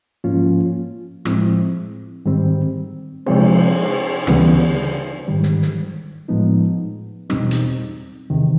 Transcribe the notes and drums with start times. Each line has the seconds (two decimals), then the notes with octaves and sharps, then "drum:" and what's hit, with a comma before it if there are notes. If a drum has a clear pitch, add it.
0.24 G#2 F3 A#3 C#4 F4
1.25 A2 F3 G#3 C4 E4, drum: rim click
2.26 G#2 D#3 G3 C4
3.26 C3 F3 G#3 C4, drum: cymbal
4.27 D2 C#3 E3 G3 B3, drum: rim click
5.28 G#2 D#3 G3
5.43 drum: snare
5.62 drum: snare
6.28 A2 F3 G#3 B3 D#4
7.30 E2 B2 G3 C4 D#4, drum: rim click
7.51 drum: hi-hat
8.30 E2 C3 D#3